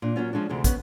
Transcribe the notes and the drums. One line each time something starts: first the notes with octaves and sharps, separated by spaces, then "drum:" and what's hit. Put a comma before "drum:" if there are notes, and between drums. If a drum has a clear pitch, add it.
A#2 D4
F#3 A#3 C#4 F4
F3 G#3 C#4 D4
D2 C3 E3 G#4
B3 C#4 B4, drum: kick, hi-hat